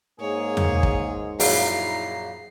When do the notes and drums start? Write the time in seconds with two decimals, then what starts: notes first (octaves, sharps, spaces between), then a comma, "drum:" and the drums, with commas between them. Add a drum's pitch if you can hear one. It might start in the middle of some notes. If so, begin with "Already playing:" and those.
0.20 G#2 A#3 G#4 C#5
0.57 drum: tom E2
0.83 drum: kick
1.40 A#1 F#2 C#3 D#4 E4 A#5 C7, drum: open hi-hat